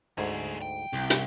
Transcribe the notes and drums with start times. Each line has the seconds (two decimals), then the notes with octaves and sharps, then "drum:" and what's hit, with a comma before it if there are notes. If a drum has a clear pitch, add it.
0.18 D2 G#2 A3 G#4 G#5
0.61 G5
0.93 C2
1.10 drum: hi-hat